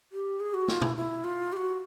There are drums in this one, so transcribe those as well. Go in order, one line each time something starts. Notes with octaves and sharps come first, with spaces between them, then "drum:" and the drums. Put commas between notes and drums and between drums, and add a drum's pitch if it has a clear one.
G4
G#4
F#4
F4, drum: snare
E4, drum: tom
E4
F4
G4
F#4